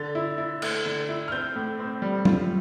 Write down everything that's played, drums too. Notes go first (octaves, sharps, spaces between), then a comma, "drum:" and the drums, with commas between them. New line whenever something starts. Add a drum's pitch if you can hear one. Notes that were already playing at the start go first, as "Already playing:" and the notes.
Already playing: D3 A6
E4
E4
A3, drum: cymbal
D3
E4
F6
C4 G6
A2
C4
G3
F4, drum: tom